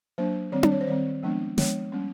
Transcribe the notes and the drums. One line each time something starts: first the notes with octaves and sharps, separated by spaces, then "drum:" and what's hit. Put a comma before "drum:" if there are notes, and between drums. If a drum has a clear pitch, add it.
F#3 A#3 D4 C5
D#3 G3 C4 C#5
D5, drum: tom D4
C#5
C5
D#3 G3 C4 C#5
F3 G#3 B3 D4
F3 G#3 B3 D4 C#5, drum: snare
G3 A#3 C#4